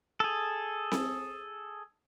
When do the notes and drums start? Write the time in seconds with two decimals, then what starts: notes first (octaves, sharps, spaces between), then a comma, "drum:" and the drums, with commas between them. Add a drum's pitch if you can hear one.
0.20 G#4 A4
0.92 drum: snare C4